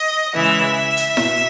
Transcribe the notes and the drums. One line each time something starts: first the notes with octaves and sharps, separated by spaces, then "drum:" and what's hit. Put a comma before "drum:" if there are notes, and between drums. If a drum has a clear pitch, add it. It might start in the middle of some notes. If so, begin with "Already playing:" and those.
Already playing: D#5
C#3 E3 G#3 E5
drum: hi-hat
B2, drum: snare E4